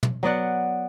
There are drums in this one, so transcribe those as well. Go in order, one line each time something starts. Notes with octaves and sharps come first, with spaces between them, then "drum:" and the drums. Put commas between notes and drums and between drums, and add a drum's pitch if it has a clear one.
drum: tom
F#3 B3 D5 F#5